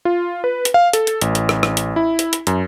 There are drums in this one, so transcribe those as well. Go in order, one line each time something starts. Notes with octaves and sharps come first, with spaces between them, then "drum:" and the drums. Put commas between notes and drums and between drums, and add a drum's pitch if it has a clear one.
F4
B4
drum: hi-hat
F5
A4, drum: hi-hat
drum: hi-hat
A1, drum: hi-hat
drum: hi-hat
drum: rim click
drum: rim click
drum: hi-hat
E4
drum: hi-hat
drum: hi-hat
F#2, drum: hi-hat